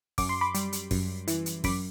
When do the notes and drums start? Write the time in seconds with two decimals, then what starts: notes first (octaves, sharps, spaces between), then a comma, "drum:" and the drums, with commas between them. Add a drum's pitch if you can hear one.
0.18 F#2 D6, drum: kick, open hi-hat
0.29 C6
0.41 B5 D6
0.54 G3, drum: hi-hat
0.73 drum: hi-hat
0.91 F#2, drum: kick, open hi-hat
1.27 E3, drum: hi-hat
1.46 drum: hi-hat
1.64 F#2 B5 D6, drum: kick, open hi-hat